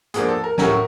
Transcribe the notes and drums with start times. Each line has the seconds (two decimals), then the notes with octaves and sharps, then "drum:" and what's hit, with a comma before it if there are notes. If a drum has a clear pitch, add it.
0.14 G#2 F3 A#3 D4 G#4, drum: hi-hat
0.29 A4
0.44 A#4
0.58 A2 F#3 A3 C#4 A#4, drum: snare